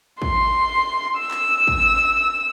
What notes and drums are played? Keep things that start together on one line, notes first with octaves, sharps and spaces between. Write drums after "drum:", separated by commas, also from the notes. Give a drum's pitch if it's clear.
C6, drum: kick
E6
drum: clap
drum: kick